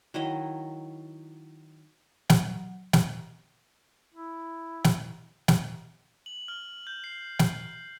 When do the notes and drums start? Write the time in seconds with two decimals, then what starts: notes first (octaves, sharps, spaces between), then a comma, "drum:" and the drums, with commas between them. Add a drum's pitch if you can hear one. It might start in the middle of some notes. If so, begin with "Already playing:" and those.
0.14 D#3 F#3 E4 D#5
2.29 F#3, drum: snare
2.93 drum: snare
4.14 E4
4.84 drum: snare
5.48 drum: snare
6.26 F#7
6.48 F6
6.87 G6
7.04 C7
7.39 drum: snare